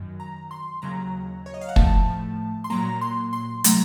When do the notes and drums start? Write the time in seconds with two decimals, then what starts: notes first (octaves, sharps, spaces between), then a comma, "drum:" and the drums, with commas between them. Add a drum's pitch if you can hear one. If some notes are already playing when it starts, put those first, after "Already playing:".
Already playing: F#2 D#3 F#3
0.20 A#5
0.51 C6
0.82 D#2 C#3 F#3 A#5
1.46 C#5
1.54 D#5
1.61 F5
1.68 F#5
1.76 A2 F3 A3 A5, drum: kick
2.64 C6
2.70 A#2 F#3 A#3 A#5
3.01 C6
3.33 C6
3.64 C3 F#3 A3 A#5, drum: hi-hat